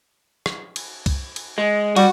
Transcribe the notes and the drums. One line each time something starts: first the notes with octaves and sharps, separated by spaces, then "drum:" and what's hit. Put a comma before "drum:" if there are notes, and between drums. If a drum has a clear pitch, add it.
drum: rim click
drum: cymbal
drum: kick, cymbal
drum: cymbal
G#3
G3 F#4, drum: cymbal